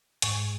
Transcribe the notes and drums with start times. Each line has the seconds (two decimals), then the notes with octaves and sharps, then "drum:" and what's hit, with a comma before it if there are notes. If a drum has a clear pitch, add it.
0.22 G#2 G#5 C#6, drum: hi-hat